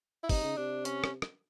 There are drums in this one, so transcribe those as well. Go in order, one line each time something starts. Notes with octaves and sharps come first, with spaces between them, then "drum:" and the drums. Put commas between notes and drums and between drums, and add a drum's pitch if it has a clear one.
E4
C3 D#4, drum: kick, open hi-hat
C#3
C3 D4
C#4, drum: hi-hat
drum: rim click
drum: rim click